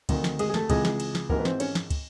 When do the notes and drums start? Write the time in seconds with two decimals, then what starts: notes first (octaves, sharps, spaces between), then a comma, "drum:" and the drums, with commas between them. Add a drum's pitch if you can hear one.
0.09 D2 C3 D#3, drum: kick, cymbal
0.24 drum: snare
0.39 G#3 G#4, drum: cymbal
0.50 G#4
0.54 A3 A4, drum: snare
0.70 C#2 C3 E3 G#3 G#4, drum: kick, cymbal
0.85 G#3 G#4, drum: snare
1.00 drum: cymbal
1.15 drum: snare
1.30 G#1 G#2 E3 A#3 A#4, drum: kick
1.39 B4
1.45 C4 C5, drum: snare
1.60 C#4 C#5, drum: cymbal
1.75 drum: snare
1.90 drum: kick, cymbal